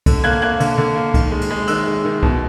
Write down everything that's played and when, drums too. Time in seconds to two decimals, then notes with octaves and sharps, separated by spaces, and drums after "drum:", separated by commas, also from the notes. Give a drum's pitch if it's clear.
0.06 D3, drum: kick C2, cymbal
0.24 A#3 F#6 G#6
0.42 A#3 F#6 G#6
0.60 D3, drum: cymbal
0.78 D3
0.96 A#3
1.14 D#3, drum: kick C2, cymbal
1.32 G#3
1.41 drum: cymbal
1.51 G#3
1.68 D#3 E6 F#6, drum: cymbal
1.87 G#3
2.05 D#3
2.23 B2, drum: kick C2